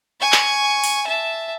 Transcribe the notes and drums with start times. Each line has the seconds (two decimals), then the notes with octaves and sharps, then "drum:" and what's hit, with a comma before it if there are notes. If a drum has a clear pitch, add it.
0.21 G#5 C#6
0.32 drum: clap
0.84 drum: open hi-hat
1.07 E5 A5